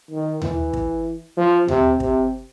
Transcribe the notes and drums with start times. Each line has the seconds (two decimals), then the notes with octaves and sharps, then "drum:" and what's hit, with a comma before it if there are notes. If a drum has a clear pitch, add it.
0.11 D#3
0.42 E3, drum: tom D#2
0.73 drum: kick
1.37 F3
1.68 C3, drum: tom D#2
2.00 C3, drum: kick